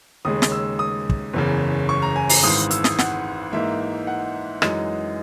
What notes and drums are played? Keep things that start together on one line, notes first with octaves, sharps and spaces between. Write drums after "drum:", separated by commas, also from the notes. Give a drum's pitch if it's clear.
D#2 C#3 G#3 D#6
drum: snare
E6
D#6
drum: kick
F#1 E2 C#3
C#6
A#5
G#5
A#5, drum: open hi-hat
G#1 G#2 E3 D#6
E6, drum: hi-hat
D#6, drum: snare
F#5, drum: snare
G#2 E3 A#3 D#4 E5
F#5
F#2 E3 G#3 D#4, drum: rim click